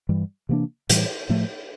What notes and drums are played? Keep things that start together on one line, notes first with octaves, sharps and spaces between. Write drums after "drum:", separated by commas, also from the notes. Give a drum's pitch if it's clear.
G2 E3 G3
C3 E3 A#3 D4
A2 E3 G3, drum: hi-hat
A2 F3 A3